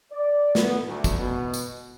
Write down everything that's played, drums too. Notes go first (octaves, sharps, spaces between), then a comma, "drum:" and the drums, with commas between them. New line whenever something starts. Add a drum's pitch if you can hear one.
D5
B3, drum: snare
D2
drum: kick, tambourine
B2
drum: tambourine